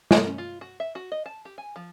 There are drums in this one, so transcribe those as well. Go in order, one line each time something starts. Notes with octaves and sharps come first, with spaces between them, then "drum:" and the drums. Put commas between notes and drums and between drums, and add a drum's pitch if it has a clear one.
G#5, drum: snare
C#4
F4
F#4
E5
F#4
D#5
A5
G4
G#5
F3